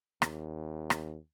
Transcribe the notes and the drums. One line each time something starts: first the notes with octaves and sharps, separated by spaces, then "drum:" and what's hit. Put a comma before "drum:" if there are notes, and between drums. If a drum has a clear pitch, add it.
D#2, drum: rim click
drum: rim click